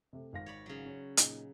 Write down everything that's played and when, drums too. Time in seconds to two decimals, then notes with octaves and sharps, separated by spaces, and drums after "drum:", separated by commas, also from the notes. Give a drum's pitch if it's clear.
0.13 C3 A3
0.33 G#1 F5 A#6
0.46 C#5 D5 B5
0.66 C#3 F#3
0.86 C#4
1.17 A#2 D#4, drum: hi-hat